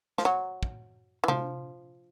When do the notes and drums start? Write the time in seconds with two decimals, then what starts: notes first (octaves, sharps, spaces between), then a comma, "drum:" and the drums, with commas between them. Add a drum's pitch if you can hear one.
0.18 F3, drum: snare
0.25 F#3
0.63 drum: kick
1.24 E3
1.28 F3, drum: tom C3